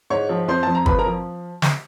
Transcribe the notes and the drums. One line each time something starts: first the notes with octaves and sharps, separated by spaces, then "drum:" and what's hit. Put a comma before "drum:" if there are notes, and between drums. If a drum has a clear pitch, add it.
G#2 C#5 C#6
F3
F2 C5 C6
F2 A5
A#5
F3 B4 B5, drum: kick
A#4 A#5
F3
drum: snare